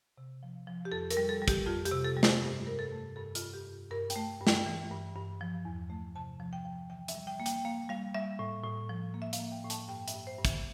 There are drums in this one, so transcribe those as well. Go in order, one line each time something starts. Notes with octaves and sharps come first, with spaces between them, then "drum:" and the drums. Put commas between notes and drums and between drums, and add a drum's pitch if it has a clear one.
C3
F3
F3
G4
F2 A4
A#4, drum: hi-hat
G3
A4
G3
G4, drum: kick, hi-hat
F2 F4
G4, drum: hi-hat
C3
A4
G3
C5, drum: snare
G2
G2 A#4
A4
A3
G2 A4
F4, drum: hi-hat
G2
G4
G2
G2 A#4
G5, drum: hi-hat
A3
G2
G5, drum: snare
E3
G2
G2
F3
E2
A3
C3 A5
F3
G5
F3
E3 G5
E5, drum: hi-hat
G3
G5
A#3
G5, drum: hi-hat
A#3 F5
G3 F5
G3 E5
A2
A2
F3
A#3
E5
F5, drum: hi-hat
A#3
G5
A2
A5, drum: hi-hat
G2 G5
E5, drum: hi-hat
G2
C5
G2
E5, drum: kick, hi-hat